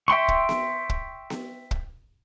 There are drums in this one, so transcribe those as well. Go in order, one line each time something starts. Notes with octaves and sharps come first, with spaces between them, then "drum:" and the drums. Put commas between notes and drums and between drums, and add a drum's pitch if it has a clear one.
E5 G5 C6 C#6
drum: kick
drum: snare B3
drum: kick
drum: snare B3
drum: kick